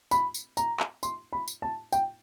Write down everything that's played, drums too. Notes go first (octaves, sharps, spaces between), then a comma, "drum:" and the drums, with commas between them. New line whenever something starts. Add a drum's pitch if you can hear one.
B5, drum: tambourine
drum: tambourine
A#5, drum: tambourine
drum: clap
C6, drum: tambourine
B5
drum: tambourine
A5
G5, drum: tambourine